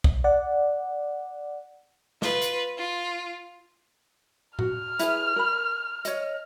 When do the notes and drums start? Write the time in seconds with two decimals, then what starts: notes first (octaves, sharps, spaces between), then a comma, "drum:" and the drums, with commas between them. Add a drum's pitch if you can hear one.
0.04 drum: kick B1
0.24 D5 F#5
2.22 F4 B4, drum: snare
2.42 drum: hi-hat
2.78 F4
4.59 F#4 F6, drum: tom A2
4.99 E4 G#4 B4, drum: hi-hat
5.36 A#4 B5
6.05 C#5 D#5, drum: hi-hat